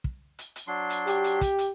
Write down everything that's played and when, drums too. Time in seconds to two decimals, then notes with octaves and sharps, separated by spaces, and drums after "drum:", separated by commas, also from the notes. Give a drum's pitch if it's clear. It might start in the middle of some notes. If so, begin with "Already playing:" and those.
0.04 drum: kick
0.39 drum: hi-hat
0.56 drum: hi-hat
0.67 F#3 D4 C6
0.90 drum: hi-hat
1.07 G4, drum: hi-hat
1.24 drum: hi-hat
1.41 drum: kick, hi-hat
1.58 drum: hi-hat